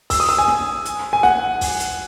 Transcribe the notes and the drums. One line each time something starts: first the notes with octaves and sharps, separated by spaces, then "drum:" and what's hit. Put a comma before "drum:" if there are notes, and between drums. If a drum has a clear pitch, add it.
E6, drum: kick, open hi-hat
D#6
E6
G#5
drum: snare
drum: hi-hat
G#5
F#5, drum: snare
drum: kick, open hi-hat
drum: hi-hat